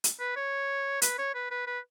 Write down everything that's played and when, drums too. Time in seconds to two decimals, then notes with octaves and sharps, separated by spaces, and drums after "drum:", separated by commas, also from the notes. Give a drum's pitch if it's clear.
0.04 drum: hi-hat
0.20 B4
0.36 C#5
1.02 B4, drum: hi-hat
1.18 C#5
1.35 B4
1.51 B4
1.67 B4